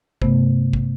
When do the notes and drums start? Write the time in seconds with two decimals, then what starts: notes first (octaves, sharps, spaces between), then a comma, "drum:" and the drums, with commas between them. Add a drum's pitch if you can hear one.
0.22 G2 C3 A3 B3, drum: kick
0.73 drum: kick